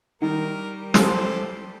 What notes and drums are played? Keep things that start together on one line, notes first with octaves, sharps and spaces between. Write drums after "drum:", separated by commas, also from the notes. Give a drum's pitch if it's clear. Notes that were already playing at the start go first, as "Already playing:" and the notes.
D#3 G3 A#4
G4 A4 C5, drum: snare